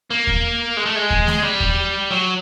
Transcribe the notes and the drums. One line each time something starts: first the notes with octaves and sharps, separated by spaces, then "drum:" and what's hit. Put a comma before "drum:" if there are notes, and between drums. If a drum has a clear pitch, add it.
A#3
drum: kick D#2
G#3
A3
G#3
drum: kick D#2
drum: snare A3
G3
drum: kick D#2
F#3